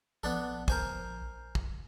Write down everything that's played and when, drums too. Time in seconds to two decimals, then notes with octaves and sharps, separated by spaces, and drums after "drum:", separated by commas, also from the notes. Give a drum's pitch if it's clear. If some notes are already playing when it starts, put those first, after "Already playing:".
0.23 A#1 B3 D4 A4
0.68 A#4 C5 G#5, drum: kick
1.55 drum: kick